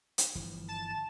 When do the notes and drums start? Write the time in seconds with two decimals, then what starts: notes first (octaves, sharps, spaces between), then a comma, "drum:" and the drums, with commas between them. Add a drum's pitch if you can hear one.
0.18 drum: hi-hat
0.35 G1 E3 F3
0.68 A5 E7